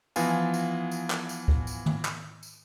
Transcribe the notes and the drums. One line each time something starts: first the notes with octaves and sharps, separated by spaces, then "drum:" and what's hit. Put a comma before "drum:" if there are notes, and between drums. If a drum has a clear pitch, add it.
E3 F3 B3 F4 G#5, drum: tambourine
drum: tambourine
drum: tambourine
drum: clap
drum: tambourine
drum: kick
drum: tambourine
drum: tom
drum: clap
drum: tambourine